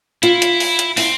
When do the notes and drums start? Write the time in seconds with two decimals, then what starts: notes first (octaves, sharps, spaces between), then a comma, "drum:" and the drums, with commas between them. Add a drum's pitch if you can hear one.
0.23 E4 F4, drum: hi-hat
0.42 drum: hi-hat
0.60 drum: open hi-hat
0.79 drum: hi-hat
0.97 C4 E4, drum: open hi-hat